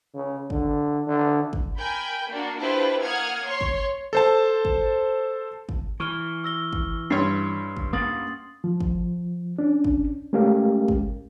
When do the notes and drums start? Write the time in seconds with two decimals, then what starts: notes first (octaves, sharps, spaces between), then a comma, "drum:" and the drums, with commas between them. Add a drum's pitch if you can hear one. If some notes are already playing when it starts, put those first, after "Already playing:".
0.14 C#3
0.50 D3, drum: kick
1.07 D3
1.53 drum: kick
1.79 A#4 G5 G#5 B5 G6
2.29 A#3 D4 F#4
2.60 D4 E4 F4 G4 B4 C5
3.03 A#3 F#5 D#6 F6 G#6
3.46 C#5 C6 C#6
3.61 drum: kick
4.13 A4 C5 A5
4.65 drum: kick
5.69 drum: kick
6.00 E3 C#6 F6 G7
6.44 E6 A#6 G7
6.73 drum: kick
7.10 G2 C#5 C6 C7
7.77 drum: kick
7.93 A#3 C#4 D#6 A6 F#7
8.64 F3
8.80 drum: kick
9.59 C#4 D4
9.84 drum: kick
10.33 G#3 A3 C#4 G4 A#4 F5
10.88 drum: kick